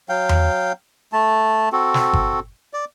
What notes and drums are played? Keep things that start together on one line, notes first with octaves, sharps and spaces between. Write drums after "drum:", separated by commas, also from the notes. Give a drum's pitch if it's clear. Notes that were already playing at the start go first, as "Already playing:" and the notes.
F#3 F5 G5
drum: tom E2
A3 A5
C4 F#4 A4
drum: snare
drum: kick G1
D5